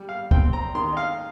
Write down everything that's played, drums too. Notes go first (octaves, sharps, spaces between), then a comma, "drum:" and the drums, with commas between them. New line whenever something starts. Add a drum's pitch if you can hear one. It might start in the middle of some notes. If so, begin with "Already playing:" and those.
Already playing: G3
F5
C4 G5, drum: kick
A#5
D#3 C6
D#5
F5